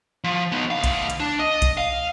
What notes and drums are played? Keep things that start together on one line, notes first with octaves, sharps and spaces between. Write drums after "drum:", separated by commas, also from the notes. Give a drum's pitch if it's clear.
F3
B3 D#4
D2 F5
drum: kick B1, hi-hat
drum: hi-hat
D4
D#5
drum: kick B1, hi-hat
F5